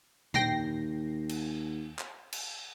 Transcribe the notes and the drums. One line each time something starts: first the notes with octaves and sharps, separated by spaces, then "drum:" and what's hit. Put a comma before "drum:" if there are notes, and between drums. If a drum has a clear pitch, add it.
D#2 G5 A#6 C7, drum: tom A#2
drum: cymbal
drum: clap
drum: cymbal